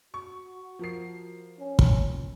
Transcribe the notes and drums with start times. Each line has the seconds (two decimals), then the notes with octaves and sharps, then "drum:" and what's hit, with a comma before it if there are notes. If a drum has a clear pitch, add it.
0.14 F#4 C#6
0.79 F3 A#4 C7
1.59 C#4
1.79 drum: kick